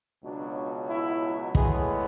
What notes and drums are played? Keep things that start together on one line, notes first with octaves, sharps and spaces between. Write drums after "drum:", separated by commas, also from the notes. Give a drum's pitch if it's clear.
C#2 B2 F#3 D4
E4
A2 G#3 B3 G#4, drum: kick